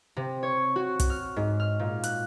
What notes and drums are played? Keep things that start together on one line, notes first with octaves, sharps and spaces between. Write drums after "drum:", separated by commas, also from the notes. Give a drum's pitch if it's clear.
C3
C#5
F#4
drum: kick, hi-hat
F6
G#2
F6
A#2
F#6, drum: hi-hat